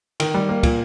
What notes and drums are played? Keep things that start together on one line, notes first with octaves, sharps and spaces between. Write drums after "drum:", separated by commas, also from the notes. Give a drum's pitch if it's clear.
D#3, drum: cymbal
G3
A#3
A#2, drum: kick, cymbal